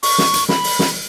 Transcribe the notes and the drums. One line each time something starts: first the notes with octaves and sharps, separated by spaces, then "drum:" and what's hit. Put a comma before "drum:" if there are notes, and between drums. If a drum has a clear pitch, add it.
C#6, drum: open hi-hat
drum: snare
drum: hi-hat
B5, drum: snare
drum: open hi-hat
drum: snare